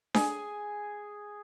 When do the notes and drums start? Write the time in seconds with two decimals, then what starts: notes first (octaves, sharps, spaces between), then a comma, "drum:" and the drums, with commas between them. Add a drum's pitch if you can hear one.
0.14 G#4, drum: snare D4